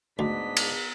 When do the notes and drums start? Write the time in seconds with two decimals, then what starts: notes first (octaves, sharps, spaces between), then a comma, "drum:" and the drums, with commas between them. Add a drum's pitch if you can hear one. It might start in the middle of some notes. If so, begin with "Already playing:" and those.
0.19 D2 G#2 B3 D4 D#5 B6
0.57 drum: cymbal